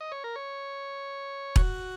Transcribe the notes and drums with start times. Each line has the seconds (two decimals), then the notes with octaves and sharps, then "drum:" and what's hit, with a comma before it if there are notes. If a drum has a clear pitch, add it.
0.01 D#5
0.12 C#5
0.24 A#4
0.36 C#5
1.56 F#4, drum: kick E1